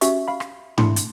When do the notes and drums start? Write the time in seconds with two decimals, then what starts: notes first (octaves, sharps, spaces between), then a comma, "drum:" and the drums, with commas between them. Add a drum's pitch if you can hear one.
0.01 C#4 F#4 G4 E5 C#6, drum: hi-hat
0.28 F5 B5
0.40 drum: rim click
0.78 A3 D4 E4 C6 C#7, drum: tom G#2
0.96 drum: hi-hat